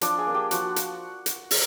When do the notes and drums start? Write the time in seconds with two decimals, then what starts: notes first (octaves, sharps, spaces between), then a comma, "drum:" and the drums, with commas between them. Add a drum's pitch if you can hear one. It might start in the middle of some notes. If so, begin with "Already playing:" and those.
0.01 F3 D4 D5, drum: hi-hat
0.18 G#4 G#5
0.27 A#3 D4
0.34 G4 G5
0.51 F3 F#4 F#5, drum: hi-hat
0.76 drum: hi-hat
1.26 drum: hi-hat
1.51 drum: open hi-hat